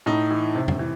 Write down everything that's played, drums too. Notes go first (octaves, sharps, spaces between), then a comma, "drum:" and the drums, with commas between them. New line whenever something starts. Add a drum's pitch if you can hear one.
A2 D#4
E3
C3
drum: tom F2
E3